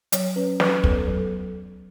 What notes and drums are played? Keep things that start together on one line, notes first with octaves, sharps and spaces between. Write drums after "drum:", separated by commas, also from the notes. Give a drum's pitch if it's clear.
F#3 C#5, drum: hi-hat
C#4 B4
F#3 B4, drum: snare
B3 A4, drum: kick
F#3 A4